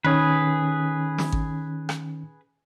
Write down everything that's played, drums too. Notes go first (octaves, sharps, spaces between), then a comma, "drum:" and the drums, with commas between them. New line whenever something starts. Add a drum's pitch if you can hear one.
D#3 C#4 G#4 B4
drum: snare
drum: kick G#1
drum: rim click